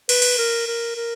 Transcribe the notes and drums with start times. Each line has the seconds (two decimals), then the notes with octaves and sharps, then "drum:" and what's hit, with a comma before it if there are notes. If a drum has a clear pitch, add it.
0.09 B4, drum: cymbal
0.22 drum: cymbal
0.38 A#4
0.67 A#4
0.96 A#4